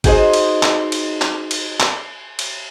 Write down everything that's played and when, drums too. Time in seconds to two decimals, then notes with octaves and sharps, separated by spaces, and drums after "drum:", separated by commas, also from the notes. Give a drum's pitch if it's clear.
0.04 D#4 F#4 G#4 B4 C5 D#5, drum: kick G1, cymbal
0.33 drum: cymbal
0.63 drum: clap
0.92 drum: cymbal
1.21 drum: clap
1.51 drum: cymbal
1.80 drum: clap
2.39 drum: cymbal